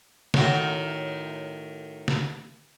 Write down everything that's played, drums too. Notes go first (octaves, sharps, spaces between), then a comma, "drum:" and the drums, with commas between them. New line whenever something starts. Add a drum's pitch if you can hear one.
A2 D#3 F#4, drum: snare
drum: snare